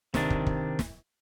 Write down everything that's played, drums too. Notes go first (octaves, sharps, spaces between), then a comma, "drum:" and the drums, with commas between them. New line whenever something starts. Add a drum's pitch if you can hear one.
C3 D#3 D4, drum: snare
drum: kick
drum: kick
drum: snare